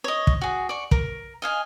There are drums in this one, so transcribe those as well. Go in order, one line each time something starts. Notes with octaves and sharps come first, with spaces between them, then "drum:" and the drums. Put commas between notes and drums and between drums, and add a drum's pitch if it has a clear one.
C#5 D#5
drum: kick
F#4 G#4
D5 C#6
A#4, drum: kick
D#5 F5 G#5